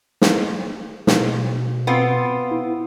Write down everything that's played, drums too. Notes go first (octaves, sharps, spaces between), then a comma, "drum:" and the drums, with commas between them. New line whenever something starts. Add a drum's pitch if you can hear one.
drum: snare
B2, drum: snare
B3 C4 F4
E4